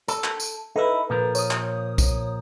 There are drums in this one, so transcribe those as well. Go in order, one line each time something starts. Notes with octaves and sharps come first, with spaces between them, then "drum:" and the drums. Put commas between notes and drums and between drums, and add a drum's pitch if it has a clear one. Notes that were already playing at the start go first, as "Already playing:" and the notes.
A4, drum: tambourine
drum: clap
drum: tambourine
D#4 E4 A4 B4
A#2 F3 A#4
C#5 D#6, drum: tambourine
drum: clap
drum: kick B1, tambourine